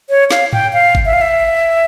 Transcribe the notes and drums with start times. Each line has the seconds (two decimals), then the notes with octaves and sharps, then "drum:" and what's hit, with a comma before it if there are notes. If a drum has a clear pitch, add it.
0.10 C#5
0.31 F5, drum: snare
0.53 G5, drum: tom G#2
0.73 F5
0.95 drum: kick G#1
1.05 E5
1.13 F5
1.21 E5